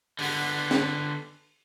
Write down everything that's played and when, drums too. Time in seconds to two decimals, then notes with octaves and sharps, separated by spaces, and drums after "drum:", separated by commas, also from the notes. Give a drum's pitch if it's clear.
0.19 D3 B3, drum: open hi-hat
0.71 drum: snare